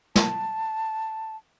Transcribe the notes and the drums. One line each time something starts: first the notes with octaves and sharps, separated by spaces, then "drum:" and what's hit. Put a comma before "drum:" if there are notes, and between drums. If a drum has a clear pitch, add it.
A5, drum: snare